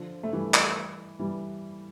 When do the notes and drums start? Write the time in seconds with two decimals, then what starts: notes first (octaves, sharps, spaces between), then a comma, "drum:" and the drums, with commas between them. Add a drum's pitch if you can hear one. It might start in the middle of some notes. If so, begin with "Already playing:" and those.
Already playing: D3 F3
0.23 A3
0.33 E3 G3
0.54 drum: clap
1.19 E3 G3